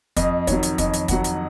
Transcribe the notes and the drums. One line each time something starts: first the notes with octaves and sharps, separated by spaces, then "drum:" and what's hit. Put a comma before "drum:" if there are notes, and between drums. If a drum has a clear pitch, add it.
F2 D#5, drum: kick, hi-hat
D#3 F#3 C#5, drum: kick, hi-hat
drum: hi-hat
F2 D#5, drum: kick, hi-hat
drum: hi-hat
D#3 F#3 F#5, drum: kick, hi-hat
drum: hi-hat